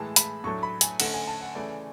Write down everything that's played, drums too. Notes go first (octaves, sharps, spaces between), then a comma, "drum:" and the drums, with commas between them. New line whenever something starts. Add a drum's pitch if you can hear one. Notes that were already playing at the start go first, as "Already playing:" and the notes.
Already playing: A2 E3 G#3 A5
B5, drum: hi-hat
A2 F#3 A3 D4 C#6
B5
G#5, drum: hi-hat
D3 A3 C#4 F#5, drum: cymbal
G#5
A5
F#5
C#3 E3 A3 C#4 D5